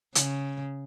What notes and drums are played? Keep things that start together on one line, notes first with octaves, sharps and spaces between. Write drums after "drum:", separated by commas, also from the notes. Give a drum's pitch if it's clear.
C#3, drum: hi-hat